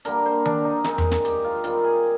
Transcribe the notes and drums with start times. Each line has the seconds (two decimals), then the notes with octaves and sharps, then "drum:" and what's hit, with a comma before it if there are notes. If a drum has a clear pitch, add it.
0.05 D3 G3 A#3 A#4, drum: hi-hat
0.26 C5
0.45 D4, drum: tom D#3
0.64 D#4
0.84 D#3 G#3 C4 D#4, drum: snare
0.98 drum: tom E2
1.11 drum: snare
1.25 G4, drum: hi-hat
1.44 F4
1.64 D#3 G3 C4 F4, drum: hi-hat
1.84 G#4